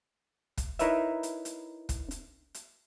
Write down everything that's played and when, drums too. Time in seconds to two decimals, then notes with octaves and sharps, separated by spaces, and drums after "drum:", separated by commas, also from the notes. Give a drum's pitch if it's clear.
0.58 drum: kick, hi-hat
0.79 D#4 E4 A#4 B4 C#5 E5, drum: hi-hat
1.23 drum: hi-hat
1.45 drum: hi-hat
1.89 drum: kick, hi-hat
2.11 drum: hi-hat
2.54 drum: hi-hat